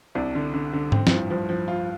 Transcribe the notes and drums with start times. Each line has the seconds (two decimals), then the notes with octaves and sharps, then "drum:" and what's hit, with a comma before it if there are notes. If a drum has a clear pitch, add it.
0.15 C2 C3 D4
0.35 D3
0.54 D3
0.73 D3
0.92 C4, drum: tom G#2
1.07 A2, drum: snare
1.11 G2 F3
1.30 G2 F3
1.49 F3
1.68 F4